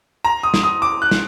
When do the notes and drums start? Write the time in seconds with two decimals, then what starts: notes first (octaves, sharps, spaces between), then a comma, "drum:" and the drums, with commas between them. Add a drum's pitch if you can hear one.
0.24 A#5
0.43 D#6
0.54 drum: snare
0.63 D#6
0.82 D6
1.02 F#6
1.11 drum: snare